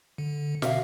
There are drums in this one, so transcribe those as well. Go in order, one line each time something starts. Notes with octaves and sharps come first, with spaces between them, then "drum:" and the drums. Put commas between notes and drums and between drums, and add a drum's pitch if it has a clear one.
D3
B2 E5 F5, drum: snare